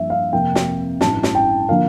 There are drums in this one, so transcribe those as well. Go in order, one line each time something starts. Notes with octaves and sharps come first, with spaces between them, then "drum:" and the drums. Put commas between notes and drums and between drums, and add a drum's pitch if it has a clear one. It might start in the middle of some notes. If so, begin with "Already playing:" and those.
Already playing: G2 F3 A#3 E5
F5
F2 C3 F3 A#3 G5
drum: snare
A1 G2 E3 A5, drum: snare
drum: snare
G5
D3 F3 A#3 F5